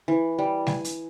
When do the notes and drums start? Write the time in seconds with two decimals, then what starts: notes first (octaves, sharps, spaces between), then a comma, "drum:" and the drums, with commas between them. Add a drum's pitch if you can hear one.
0.08 E3
0.38 G3
0.67 G#5, drum: snare G3
0.84 drum: hi-hat